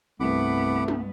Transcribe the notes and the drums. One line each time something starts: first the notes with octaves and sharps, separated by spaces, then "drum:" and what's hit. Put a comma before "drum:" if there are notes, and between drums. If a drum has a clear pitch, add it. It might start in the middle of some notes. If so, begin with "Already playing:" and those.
C2 G2 A3 B3 F#5 B5 D6
drum: tom